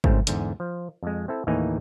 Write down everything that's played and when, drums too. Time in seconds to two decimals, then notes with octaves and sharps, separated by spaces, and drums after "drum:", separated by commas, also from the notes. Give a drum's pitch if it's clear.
0.04 G#1 C#2 G#2 A3 C4, drum: kick G#1
0.27 E2 G#2 D3, drum: hi-hat
0.60 F3
1.03 F2 G#3
1.28 C4 E4 A4
1.47 D#2 A2 E3 A#3 D#4 G#5